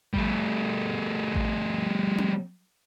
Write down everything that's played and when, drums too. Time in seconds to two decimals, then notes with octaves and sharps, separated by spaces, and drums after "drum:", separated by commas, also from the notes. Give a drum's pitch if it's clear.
0.14 G3 A3, drum: kick A1
1.35 drum: kick A1
2.18 drum: tom C4